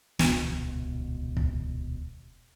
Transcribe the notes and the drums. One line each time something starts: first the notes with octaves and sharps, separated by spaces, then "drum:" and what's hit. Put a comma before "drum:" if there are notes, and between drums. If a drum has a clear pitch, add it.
D#1 C#2 B2, drum: snare
drum: kick